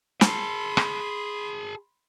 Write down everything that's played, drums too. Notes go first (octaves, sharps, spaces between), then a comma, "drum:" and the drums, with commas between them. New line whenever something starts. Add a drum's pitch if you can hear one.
G#4 A5 B5 C6, drum: snare
drum: rim click